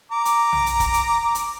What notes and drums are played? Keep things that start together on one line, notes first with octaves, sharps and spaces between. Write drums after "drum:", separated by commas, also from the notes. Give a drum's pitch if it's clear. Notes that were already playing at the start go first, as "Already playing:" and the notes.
A#5 D6
drum: hi-hat
drum: tom B1
drum: hi-hat
drum: kick, hi-hat
drum: hi-hat
drum: hi-hat